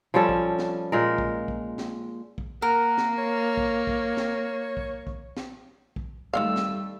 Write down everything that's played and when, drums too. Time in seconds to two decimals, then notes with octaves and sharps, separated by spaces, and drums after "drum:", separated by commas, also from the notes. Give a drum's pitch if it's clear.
0.14 F3 G3 C#4 A4
0.29 drum: kick
0.59 drum: snare
0.92 A#2 G#3 A#4
1.18 drum: kick
1.48 drum: kick
1.78 drum: snare
2.38 drum: kick
2.62 A#3 A#4 F#5
2.98 drum: snare
3.18 C#5
3.57 drum: kick
3.87 drum: kick
4.17 drum: snare
4.77 drum: kick
5.07 drum: kick
5.37 drum: snare
5.96 drum: kick
6.33 D#3 G3 A3 C#4 F5 E6
6.56 drum: snare